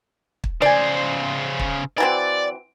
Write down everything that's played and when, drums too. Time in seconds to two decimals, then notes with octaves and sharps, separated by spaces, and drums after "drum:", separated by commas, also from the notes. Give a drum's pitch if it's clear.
0.44 drum: kick
0.62 C#3 C5 D5 G#5
1.59 drum: kick
1.98 E3 F#3 C4 D5